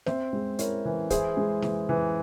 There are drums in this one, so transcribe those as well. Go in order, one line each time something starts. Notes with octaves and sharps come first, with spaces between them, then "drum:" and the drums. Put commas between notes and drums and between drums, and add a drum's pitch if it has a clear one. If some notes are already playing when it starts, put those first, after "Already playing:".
C4 C5 E5, drum: snare
G#3
E4 A#4 C#5, drum: hi-hat
E3
E4 G#4 C5, drum: kick, hi-hat
G#3
E3, drum: snare
E3